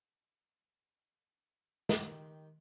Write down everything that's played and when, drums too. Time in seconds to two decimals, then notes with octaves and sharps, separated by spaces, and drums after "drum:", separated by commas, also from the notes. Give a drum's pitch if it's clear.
1.89 D#3 G4, drum: snare